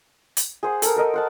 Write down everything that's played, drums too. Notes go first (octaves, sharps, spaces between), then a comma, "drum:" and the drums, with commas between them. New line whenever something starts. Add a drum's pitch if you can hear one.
drum: hi-hat
G#4 C5 F#5
A4 A#4, drum: hi-hat
A4 A#4 D#5
C5 F#5 A5